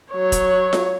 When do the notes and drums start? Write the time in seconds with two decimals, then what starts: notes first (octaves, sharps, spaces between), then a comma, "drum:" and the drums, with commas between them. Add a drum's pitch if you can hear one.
0.12 F#3 C#5
0.32 drum: kick, hi-hat
0.73 drum: snare F4